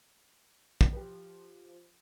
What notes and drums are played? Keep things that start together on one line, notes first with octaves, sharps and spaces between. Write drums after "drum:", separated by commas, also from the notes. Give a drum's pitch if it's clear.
drum: kick
F3 G4 B4